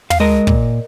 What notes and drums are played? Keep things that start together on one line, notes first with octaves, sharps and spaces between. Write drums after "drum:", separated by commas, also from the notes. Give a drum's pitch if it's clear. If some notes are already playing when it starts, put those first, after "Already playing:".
F5, drum: tom
G#3 A#4 D#5
A#2, drum: kick